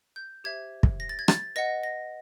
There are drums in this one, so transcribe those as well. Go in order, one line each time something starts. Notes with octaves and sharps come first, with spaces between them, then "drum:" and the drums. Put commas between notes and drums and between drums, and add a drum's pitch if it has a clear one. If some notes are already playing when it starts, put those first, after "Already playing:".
G6
G4 C5 E5 G#6
drum: kick
A#6
A6
G#6
A6, drum: rim click
B4 D#5 F#5 A#6
A#6